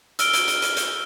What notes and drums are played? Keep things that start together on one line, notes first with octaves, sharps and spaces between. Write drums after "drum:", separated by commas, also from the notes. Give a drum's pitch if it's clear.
E6 F6 D7 G7, drum: hi-hat
drum: hi-hat
drum: hi-hat
drum: hi-hat
drum: hi-hat